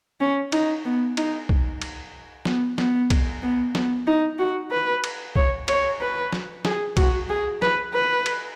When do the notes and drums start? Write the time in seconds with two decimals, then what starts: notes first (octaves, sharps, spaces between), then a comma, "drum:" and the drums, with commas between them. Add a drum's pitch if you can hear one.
0.21 C#4
0.52 D#4, drum: cymbal
0.85 B3
1.17 D#4, drum: cymbal
1.49 drum: kick B1
1.82 drum: cymbal
2.45 B3, drum: snare
2.78 B3, drum: snare
3.10 drum: kick B1, cymbal
3.42 B3
3.75 B3, drum: snare
4.07 D#4
4.39 F#4
4.72 B4
5.04 drum: cymbal
5.36 C#5, drum: kick B1
5.68 C#5, drum: cymbal
6.01 B4
6.33 drum: snare
6.65 G#4, drum: snare
6.97 F#4, drum: kick B1, cymbal
7.29 G#4
7.62 B4, drum: snare
7.94 B4
8.26 drum: cymbal